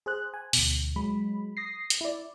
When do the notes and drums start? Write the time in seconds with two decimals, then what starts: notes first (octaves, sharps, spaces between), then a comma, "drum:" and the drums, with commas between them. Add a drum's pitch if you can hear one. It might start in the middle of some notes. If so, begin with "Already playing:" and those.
0.06 G#4 C5 F#6
0.34 G#5
0.53 D2 B2, drum: open hi-hat
0.96 F#3 G#3 B5
1.57 D#6 A#6 C7
1.90 drum: hi-hat
2.01 E4 D5